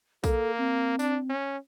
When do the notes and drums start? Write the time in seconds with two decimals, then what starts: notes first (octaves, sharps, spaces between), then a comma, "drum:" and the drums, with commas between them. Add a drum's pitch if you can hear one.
0.24 A#3 A4, drum: kick, tambourine
0.58 C4
0.99 D4, drum: tambourine
1.30 C#4